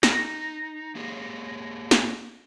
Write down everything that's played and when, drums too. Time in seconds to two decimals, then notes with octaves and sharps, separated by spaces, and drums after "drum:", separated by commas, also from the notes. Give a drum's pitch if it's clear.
0.03 D#4 A#6, drum: snare
0.95 A#3 G4 G#4
1.91 drum: snare